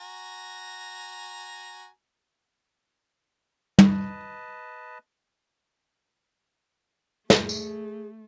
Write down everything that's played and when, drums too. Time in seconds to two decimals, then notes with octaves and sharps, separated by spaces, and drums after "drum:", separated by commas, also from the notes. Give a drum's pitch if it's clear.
0.01 F#4 G#5 A#5
3.79 B4 D#5 A5, drum: tom
7.30 A3 G#4, drum: snare
7.49 drum: tambourine